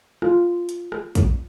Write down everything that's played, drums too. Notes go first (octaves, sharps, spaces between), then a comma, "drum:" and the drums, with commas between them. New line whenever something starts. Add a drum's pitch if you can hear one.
F4, drum: rim click
drum: hi-hat
drum: rim click
drum: kick, hi-hat